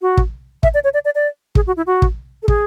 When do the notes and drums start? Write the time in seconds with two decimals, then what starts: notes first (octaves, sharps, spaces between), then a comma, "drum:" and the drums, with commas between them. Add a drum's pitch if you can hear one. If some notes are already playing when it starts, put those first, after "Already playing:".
0.02 F#4
0.17 drum: kick
0.63 E5, drum: kick
0.74 D5
0.84 C#5
0.94 D5
1.05 D5
1.15 D5
1.55 G#4, drum: kick
1.67 F#4
1.77 E4
1.87 F#4
2.02 drum: kick
2.43 A4
2.48 G#4, drum: kick